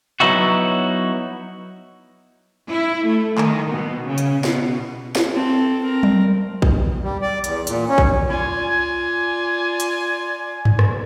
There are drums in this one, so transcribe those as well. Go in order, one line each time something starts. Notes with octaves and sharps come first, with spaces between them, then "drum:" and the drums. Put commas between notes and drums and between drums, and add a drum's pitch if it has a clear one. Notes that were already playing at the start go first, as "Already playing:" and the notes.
F#3 B3 D#4 E4 F#4
E4
A3
D#3, drum: clap
B2
C#3
drum: hi-hat
B2, drum: snare
drum: snare
C4 A4
C4 A#4
drum: tom F#3
drum: kick A#1
G3
D5
E2, drum: hi-hat
A#2, drum: hi-hat
C#4
drum: kick A#1
F4 D5 G#5
drum: hi-hat
drum: tom G2
drum: rim click